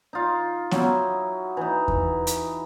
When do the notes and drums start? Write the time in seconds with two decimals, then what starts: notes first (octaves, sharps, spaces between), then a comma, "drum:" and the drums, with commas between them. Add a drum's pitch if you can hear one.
0.13 D#4 F4
0.71 F#3 D#4 E4, drum: snare B3
1.57 E3 D#4
1.88 drum: kick E2
2.27 drum: hi-hat